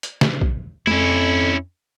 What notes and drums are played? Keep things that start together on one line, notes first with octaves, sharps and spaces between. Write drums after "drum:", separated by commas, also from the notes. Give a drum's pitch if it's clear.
drum: hi-hat
drum: snare
drum: kick
F2 C#4 E4, drum: tom G#3